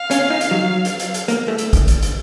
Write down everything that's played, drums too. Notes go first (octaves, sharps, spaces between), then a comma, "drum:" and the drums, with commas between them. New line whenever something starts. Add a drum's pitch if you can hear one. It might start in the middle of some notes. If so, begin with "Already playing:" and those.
Already playing: F5
C#4, drum: hi-hat
D#4
drum: hi-hat
F#3
drum: hi-hat
drum: hi-hat
drum: hi-hat
A#3, drum: hi-hat
A3
drum: hi-hat
drum: kick, hi-hat
drum: hi-hat
drum: hi-hat